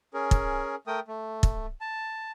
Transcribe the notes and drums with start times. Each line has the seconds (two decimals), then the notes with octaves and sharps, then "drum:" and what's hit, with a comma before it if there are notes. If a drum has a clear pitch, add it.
0.14 C#4 G#4 A#4
0.31 drum: kick
0.87 A3 A#4 G5 D#6
1.08 A3
1.43 drum: kick
1.81 A5